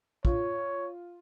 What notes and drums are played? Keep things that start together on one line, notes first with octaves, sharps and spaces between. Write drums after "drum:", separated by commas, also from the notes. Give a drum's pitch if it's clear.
F4 C#5, drum: kick